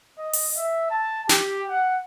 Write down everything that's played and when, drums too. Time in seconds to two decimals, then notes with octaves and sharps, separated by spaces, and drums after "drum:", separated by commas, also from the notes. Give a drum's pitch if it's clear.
0.19 D#5
0.33 drum: open hi-hat
0.57 E5
0.91 A5
1.29 G4, drum: snare
1.70 F#5